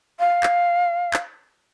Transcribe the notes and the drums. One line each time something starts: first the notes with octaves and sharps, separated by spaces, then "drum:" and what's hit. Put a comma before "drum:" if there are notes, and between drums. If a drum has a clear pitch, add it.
F5
drum: clap
drum: clap